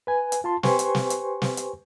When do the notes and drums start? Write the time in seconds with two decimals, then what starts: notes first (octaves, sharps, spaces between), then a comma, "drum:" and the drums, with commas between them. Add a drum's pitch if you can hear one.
0.07 B4 G#5
0.32 drum: hi-hat
0.44 F4 A5 C6
0.63 G4 B4 C5 G#5 C6 C#6, drum: snare
0.79 drum: hi-hat
0.95 drum: snare
1.10 drum: hi-hat
1.42 drum: snare
1.57 drum: hi-hat